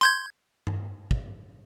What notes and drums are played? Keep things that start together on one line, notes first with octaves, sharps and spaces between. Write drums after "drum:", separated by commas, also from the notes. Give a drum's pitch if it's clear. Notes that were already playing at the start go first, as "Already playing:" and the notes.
C6 G6 G#6
drum: tom G2
drum: kick